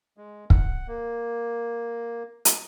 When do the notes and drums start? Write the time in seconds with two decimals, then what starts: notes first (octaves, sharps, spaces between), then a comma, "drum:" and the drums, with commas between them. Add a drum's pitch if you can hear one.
0.17 G#3
0.50 F#5, drum: kick
0.88 A#3
2.45 drum: hi-hat